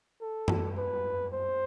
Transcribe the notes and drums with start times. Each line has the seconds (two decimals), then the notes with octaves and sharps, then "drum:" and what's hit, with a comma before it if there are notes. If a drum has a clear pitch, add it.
0.21 A4
0.48 drum: tom F#2
0.77 B4
1.33 C5